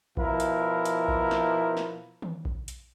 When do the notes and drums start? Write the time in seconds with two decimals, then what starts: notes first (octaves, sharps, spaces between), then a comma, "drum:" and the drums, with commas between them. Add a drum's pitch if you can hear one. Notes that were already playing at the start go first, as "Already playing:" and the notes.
0.17 B2 F3 E4 A#4, drum: kick A#1
0.40 drum: hi-hat
0.85 drum: hi-hat
1.08 drum: kick A#1
1.31 drum: snare
1.77 drum: snare
2.22 drum: tom D#3
2.45 drum: kick A#1
2.68 drum: hi-hat